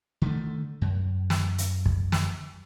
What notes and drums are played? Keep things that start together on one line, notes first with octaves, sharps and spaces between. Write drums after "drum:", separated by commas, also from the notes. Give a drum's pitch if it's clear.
D3 D#3 A3
F#2
drum: snare
drum: hi-hat
drum: kick
drum: snare